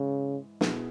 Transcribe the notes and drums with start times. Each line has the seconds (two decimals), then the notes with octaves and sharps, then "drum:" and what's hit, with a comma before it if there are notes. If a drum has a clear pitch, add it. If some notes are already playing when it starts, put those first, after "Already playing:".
Already playing: G#2 C#3 E3 G#3
0.61 B2 B3 E4 G#4, drum: snare